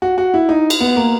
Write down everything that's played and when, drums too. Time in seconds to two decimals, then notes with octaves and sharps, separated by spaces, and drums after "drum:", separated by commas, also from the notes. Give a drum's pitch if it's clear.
0.02 F#4
0.18 F#4
0.34 E4
0.49 D#4
0.70 drum: cymbal
0.80 B3
0.96 A#3